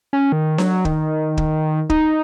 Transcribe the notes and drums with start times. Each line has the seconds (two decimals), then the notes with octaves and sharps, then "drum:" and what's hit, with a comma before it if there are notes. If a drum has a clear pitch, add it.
0.13 C#4
0.32 D#3
0.58 F#3, drum: snare D4
0.85 D#3, drum: kick
1.37 drum: kick
1.90 D#4, drum: kick